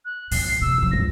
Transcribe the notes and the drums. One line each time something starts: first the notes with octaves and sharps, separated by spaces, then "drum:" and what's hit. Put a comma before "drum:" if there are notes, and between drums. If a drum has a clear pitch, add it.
F#6
A#2 E3 C7, drum: open hi-hat
C3 E6
C2 F3
C#2 G#2 A#6